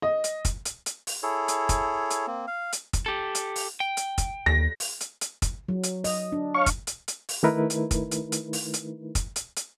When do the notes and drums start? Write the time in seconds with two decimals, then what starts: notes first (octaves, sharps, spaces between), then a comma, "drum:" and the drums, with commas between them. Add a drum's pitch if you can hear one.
0.02 D#5
0.24 drum: hi-hat
0.45 drum: kick, hi-hat
0.65 drum: hi-hat
0.86 drum: hi-hat
1.07 drum: open hi-hat
1.23 E4 G#4 A4 C#5
1.48 drum: hi-hat
1.69 drum: kick, hi-hat
2.11 drum: hi-hat
2.27 A#3 C4
2.47 F5
2.73 drum: hi-hat
2.93 drum: kick, hi-hat
3.06 G4 A4
3.35 drum: hi-hat
3.56 drum: open hi-hat
3.80 G5
3.97 drum: hi-hat
4.18 drum: kick, hi-hat
4.46 D#2 A#6
4.80 drum: open hi-hat
5.01 drum: hi-hat
5.21 drum: hi-hat
5.42 drum: kick, hi-hat
5.69 F#3
5.84 drum: hi-hat
6.04 D#5, drum: open hi-hat
6.32 D4
6.54 C#5 F5 C#6
6.66 drum: kick, hi-hat
6.87 drum: hi-hat
7.08 drum: hi-hat
7.29 drum: open hi-hat
7.43 D#3 A3 D#4 E4 A#4 B4
7.70 drum: hi-hat
7.91 drum: kick, hi-hat
8.12 drum: hi-hat
8.32 drum: hi-hat
8.53 drum: open hi-hat
8.74 drum: hi-hat
9.15 drum: kick, hi-hat
9.36 drum: hi-hat
9.57 drum: hi-hat